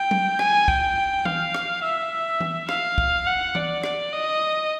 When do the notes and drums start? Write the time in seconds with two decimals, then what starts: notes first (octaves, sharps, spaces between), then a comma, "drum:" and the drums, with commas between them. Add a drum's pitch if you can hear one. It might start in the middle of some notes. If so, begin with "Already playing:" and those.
Already playing: G5
0.11 drum: tom F#3
0.39 G#5, drum: rim click
0.68 G5, drum: kick
1.25 F5, drum: tom E3
1.54 drum: rim click
1.84 E5
2.40 drum: tom E3
2.69 F5, drum: rim click
2.98 drum: kick
3.27 F#5
3.55 D5, drum: tom E3
3.84 D5, drum: rim click
4.12 D#5